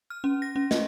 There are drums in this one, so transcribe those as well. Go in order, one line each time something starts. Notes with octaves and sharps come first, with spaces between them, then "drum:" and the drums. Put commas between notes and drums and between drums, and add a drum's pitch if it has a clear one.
F6
C#4
A#6
C#4
D#5, drum: snare